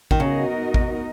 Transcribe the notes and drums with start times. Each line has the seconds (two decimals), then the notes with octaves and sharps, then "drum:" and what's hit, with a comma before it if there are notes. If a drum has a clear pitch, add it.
0.11 D#3, drum: kick A1
0.20 C#3 B3 D#4 F#4 A#4 D#5
0.74 drum: kick A1